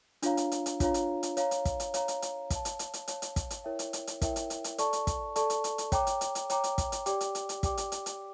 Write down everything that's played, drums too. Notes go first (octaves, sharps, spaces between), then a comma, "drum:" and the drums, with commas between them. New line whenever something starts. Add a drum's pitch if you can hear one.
D4 F4 C#5 F5 A#5, drum: hi-hat
drum: hi-hat
drum: hi-hat
drum: hi-hat
D4 F4 C#5 F5 A#5, drum: kick, hi-hat
drum: hi-hat
drum: hi-hat
C#5 F5 A#5, drum: hi-hat
drum: hi-hat
drum: kick, hi-hat
drum: hi-hat
C#5 F5 A#5, drum: hi-hat
drum: hi-hat
drum: hi-hat
C#5 F5 A5, drum: kick, hi-hat
drum: hi-hat
drum: hi-hat
drum: hi-hat
C#5 F5 A5, drum: hi-hat
drum: hi-hat
drum: kick, hi-hat
drum: hi-hat
E4 A#4 C#5 E5 G5
drum: hi-hat
drum: hi-hat
drum: hi-hat
E4 A#4 C#5 E5 G5, drum: kick, hi-hat
drum: hi-hat
drum: hi-hat
drum: hi-hat
A4 D5 A5 C#6, drum: hi-hat
drum: hi-hat
drum: kick, hi-hat
A4 D5 A5 C#6, drum: hi-hat
drum: hi-hat
drum: hi-hat
drum: hi-hat
C#5 G5 A#5 D6, drum: kick, hi-hat
drum: hi-hat
drum: hi-hat
drum: hi-hat
C#5 G5 A#5 D6, drum: hi-hat
drum: hi-hat
drum: kick, hi-hat
drum: hi-hat
G4 D5 G5 D6, drum: hi-hat
drum: hi-hat
drum: hi-hat
drum: hi-hat
G4 D5 G5 D6, drum: kick, hi-hat
drum: hi-hat
drum: hi-hat
drum: hi-hat